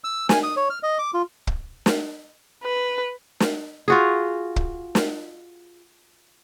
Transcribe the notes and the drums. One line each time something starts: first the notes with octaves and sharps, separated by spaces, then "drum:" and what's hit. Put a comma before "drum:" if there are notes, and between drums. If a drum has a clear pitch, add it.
E6
G#5, drum: snare
D#6
C#5
F6
D#5
D6
F4
drum: kick
drum: snare
B4
drum: snare
F4 F#4 G#4
drum: kick
drum: snare